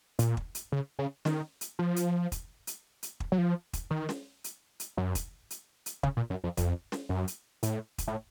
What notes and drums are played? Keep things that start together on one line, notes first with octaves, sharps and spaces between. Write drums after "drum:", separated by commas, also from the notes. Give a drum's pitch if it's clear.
A#2, drum: hi-hat
drum: kick
drum: hi-hat
C#3
C#3
D#3, drum: snare
drum: hi-hat
F3
drum: hi-hat
drum: kick, hi-hat
drum: hi-hat
drum: hi-hat
drum: kick
F#3
F3
drum: kick, hi-hat
D#3
drum: snare
drum: hi-hat
drum: hi-hat
F#2
drum: kick, hi-hat
drum: hi-hat
drum: hi-hat
C#3, drum: kick
A#2
F#2
F2
F2, drum: kick, hi-hat
drum: snare
F#2
drum: hi-hat
A2, drum: hi-hat
drum: kick, hi-hat
A2